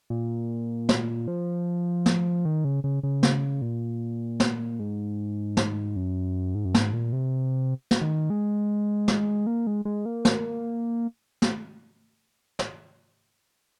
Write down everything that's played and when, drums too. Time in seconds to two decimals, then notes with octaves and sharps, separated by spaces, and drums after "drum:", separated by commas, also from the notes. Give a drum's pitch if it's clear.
0.10 A#2
0.89 drum: snare
1.28 F3
2.06 drum: snare
2.45 D#3
2.65 C#3
2.84 C#3
3.03 C#3
3.23 drum: snare
3.62 A#2
4.40 drum: snare
4.79 G#2
5.57 drum: snare
5.96 F#2
6.55 G#2
6.65 F#2
6.74 G#2, drum: snare
6.93 A#2
7.13 C3
7.91 drum: snare
8.01 D#3
8.30 G#3
9.08 drum: snare
9.47 A#3
9.67 G#3
9.85 G#3
10.06 A#3
10.25 drum: snare
11.42 drum: snare
12.59 drum: snare